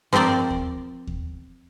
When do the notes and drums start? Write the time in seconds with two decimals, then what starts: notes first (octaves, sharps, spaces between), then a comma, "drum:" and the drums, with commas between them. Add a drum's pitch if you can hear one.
0.13 F3 C4 A#4 C5 D5
0.50 drum: kick D#2
1.07 drum: kick D#2